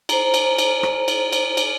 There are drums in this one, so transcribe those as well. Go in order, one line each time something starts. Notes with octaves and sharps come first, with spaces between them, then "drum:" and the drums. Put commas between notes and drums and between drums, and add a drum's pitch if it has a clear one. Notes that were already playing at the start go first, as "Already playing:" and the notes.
C5 A#5, drum: cymbal
drum: cymbal
drum: cymbal
drum: rim click
drum: cymbal
drum: cymbal
drum: cymbal